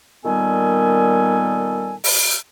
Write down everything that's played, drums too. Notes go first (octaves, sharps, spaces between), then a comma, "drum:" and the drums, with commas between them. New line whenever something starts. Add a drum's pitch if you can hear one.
A#2 D#3 G3 B3 A4 G#5
drum: open hi-hat